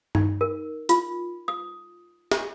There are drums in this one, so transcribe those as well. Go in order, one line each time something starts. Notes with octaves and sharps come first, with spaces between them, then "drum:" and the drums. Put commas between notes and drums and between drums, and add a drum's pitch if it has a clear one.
D#4, drum: tom G2
A#4
F4, drum: hi-hat
D#6
drum: snare